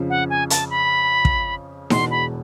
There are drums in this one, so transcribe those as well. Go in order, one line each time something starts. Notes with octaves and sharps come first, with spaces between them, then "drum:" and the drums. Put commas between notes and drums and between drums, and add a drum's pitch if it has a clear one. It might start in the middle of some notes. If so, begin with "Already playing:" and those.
Already playing: F2 C#3 F3
F#5
G#5
A5, drum: hi-hat
B5
drum: kick
E1 E2 B2 C6, drum: snare D#4
B5